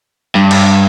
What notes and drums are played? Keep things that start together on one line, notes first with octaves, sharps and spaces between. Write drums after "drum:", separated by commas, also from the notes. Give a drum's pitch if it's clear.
G2
drum: cymbal